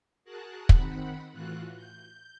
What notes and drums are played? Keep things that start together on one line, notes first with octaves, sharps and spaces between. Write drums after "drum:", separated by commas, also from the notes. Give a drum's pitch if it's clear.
F#4 G#4 A#4 A5 F#6
D#3 C4 F#5 B5, drum: kick
A2 E3 F4 F#4 F#6
G6